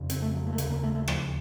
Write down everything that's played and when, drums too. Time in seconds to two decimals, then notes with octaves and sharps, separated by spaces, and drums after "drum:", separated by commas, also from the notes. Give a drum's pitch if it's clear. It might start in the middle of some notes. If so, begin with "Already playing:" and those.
Already playing: F2 C#3
0.10 C4, drum: hi-hat
0.22 A3
0.35 F#3
0.47 A#3
0.53 A3
0.58 D#2 C#3 A#3, drum: hi-hat
0.70 A#3
0.83 A3
0.95 A3
1.08 F3, drum: rim click